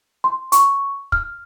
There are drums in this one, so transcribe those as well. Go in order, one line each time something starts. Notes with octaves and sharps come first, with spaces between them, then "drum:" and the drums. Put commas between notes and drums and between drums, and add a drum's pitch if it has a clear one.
C6
C#6, drum: hi-hat
F6, drum: kick